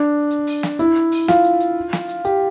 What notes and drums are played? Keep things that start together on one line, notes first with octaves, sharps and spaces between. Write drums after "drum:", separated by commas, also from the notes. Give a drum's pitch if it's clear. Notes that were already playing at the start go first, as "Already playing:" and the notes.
Already playing: D4
drum: hi-hat
drum: open hi-hat
drum: snare
E4, drum: hi-hat
drum: hi-hat
drum: open hi-hat
F4, drum: snare
drum: hi-hat
drum: hi-hat
drum: snare
drum: hi-hat
G4, drum: hi-hat